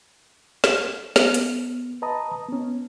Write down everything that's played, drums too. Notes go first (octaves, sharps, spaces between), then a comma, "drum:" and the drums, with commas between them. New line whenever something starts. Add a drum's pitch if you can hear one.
drum: snare
B3, drum: snare
drum: hi-hat
B4 D#5 A5 A#5 D#6
B3 C#4